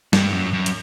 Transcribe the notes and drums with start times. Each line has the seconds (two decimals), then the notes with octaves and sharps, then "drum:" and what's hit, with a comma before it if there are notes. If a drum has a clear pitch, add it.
0.13 G2, drum: snare
0.32 F#2
0.53 F#2
0.66 drum: hi-hat